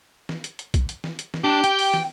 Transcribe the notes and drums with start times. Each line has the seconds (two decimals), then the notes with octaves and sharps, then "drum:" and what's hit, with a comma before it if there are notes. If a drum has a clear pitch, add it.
0.29 drum: snare
0.44 drum: hi-hat
0.59 drum: hi-hat
0.74 drum: kick, hi-hat
0.89 drum: hi-hat
1.04 drum: snare
1.19 drum: hi-hat
1.34 drum: snare
1.44 D4 G4
1.64 G5, drum: hi-hat
1.79 drum: open hi-hat
1.94 drum: snare